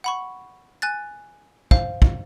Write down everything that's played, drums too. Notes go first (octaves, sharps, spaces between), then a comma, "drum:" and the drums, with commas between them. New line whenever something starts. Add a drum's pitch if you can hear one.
F#5 B5 C#6
G#5 F#6 A6
C5 F5, drum: kick
drum: kick